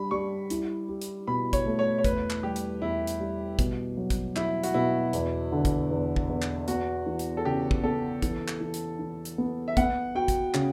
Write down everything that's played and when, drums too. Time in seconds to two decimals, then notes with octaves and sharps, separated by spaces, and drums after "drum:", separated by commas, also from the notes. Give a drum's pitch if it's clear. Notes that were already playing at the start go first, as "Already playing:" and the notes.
Already playing: G3 D4 B5
0.11 G3 C#6
0.50 E4, drum: hi-hat
0.89 G4
1.01 drum: hi-hat
1.27 B2 B5
1.53 C#5, drum: kick, hi-hat
1.66 A3
1.79 C#5
1.99 C#5
2.04 E2 B4, drum: kick, hi-hat
2.30 drum: clap
2.43 G3 G4
2.56 drum: hi-hat
2.81 E2 E4
3.07 drum: hi-hat
3.20 G3
3.59 B2, drum: kick, hi-hat
3.97 F#3
4.10 drum: kick, hi-hat
4.36 F#3 E4, drum: clap
4.64 F#4, drum: hi-hat
4.74 B2 E4
5.13 E2, drum: hi-hat
5.52 D3
5.65 drum: kick, hi-hat
5.91 E2
6.16 drum: kick
6.29 E2
6.42 drum: clap
6.68 B3 F#4, drum: hi-hat
7.06 E3
7.19 drum: hi-hat
7.37 A4
7.45 C#3 G4
7.71 drum: kick
7.83 B3 A4
8.22 E3, drum: kick, hi-hat
8.48 drum: clap
8.61 E3
8.74 drum: hi-hat
8.99 E3
9.25 drum: hi-hat
9.38 B3
9.68 E5
9.77 B3 F#5, drum: kick, hi-hat
10.15 F#4 G5
10.28 drum: kick, hi-hat
10.54 C#3, drum: clap